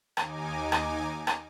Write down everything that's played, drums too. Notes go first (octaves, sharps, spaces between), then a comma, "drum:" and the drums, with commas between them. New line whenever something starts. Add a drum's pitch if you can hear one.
D#2 D#4 G#5 D6, drum: rim click
drum: rim click
drum: rim click